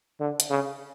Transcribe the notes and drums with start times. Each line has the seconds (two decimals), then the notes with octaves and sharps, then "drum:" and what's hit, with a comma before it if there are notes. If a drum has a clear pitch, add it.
0.20 D3
0.40 drum: hi-hat
0.50 C#3